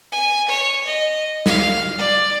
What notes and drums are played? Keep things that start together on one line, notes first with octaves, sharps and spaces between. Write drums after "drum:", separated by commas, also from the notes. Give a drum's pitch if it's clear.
G#5
C#5
D#5
F5, drum: snare
D5